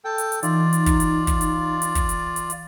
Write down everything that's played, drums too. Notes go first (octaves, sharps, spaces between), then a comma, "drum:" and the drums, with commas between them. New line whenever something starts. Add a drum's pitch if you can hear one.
A4 G5
drum: hi-hat
drum: hi-hat
E3 D#4 F4 D5, drum: hi-hat
drum: hi-hat
drum: kick, hi-hat
drum: hi-hat
drum: kick, hi-hat
drum: hi-hat
drum: hi-hat
drum: kick, hi-hat
drum: hi-hat
drum: hi-hat
drum: hi-hat